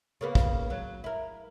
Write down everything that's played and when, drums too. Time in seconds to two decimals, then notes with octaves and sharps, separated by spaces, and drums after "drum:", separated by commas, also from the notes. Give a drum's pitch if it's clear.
0.21 C#3 A#3 B3
0.35 drum: kick
0.70 F#3
1.04 E4 A#4